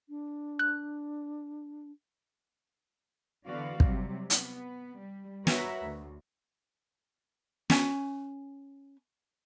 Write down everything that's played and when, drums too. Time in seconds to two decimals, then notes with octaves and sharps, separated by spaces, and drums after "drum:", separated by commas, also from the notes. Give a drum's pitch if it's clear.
0.09 D4
0.59 F#6
3.46 D3 E3 B3 F#4 D5 F5
3.80 C3 F#3 G3, drum: kick
4.30 B3, drum: hi-hat
4.99 G3
5.47 F#4 A#4 B4 C#5 E5, drum: snare
5.83 D2
7.70 C#4 G#5, drum: snare